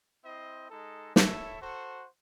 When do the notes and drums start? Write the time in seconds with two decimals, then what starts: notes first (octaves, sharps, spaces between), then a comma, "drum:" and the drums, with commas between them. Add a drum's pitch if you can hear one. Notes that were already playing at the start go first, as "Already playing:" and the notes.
0.24 C4 E4 C5 D#5
0.70 G#3 D#4 A4
1.16 E4 A4 C#5 E5, drum: snare
1.62 F#4 A4 C5